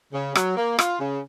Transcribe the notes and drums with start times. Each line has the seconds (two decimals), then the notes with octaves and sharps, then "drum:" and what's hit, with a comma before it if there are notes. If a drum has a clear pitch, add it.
0.13 C#3
0.35 F#3, drum: rim click
0.57 A#3
0.79 F4, drum: rim click
1.00 C#3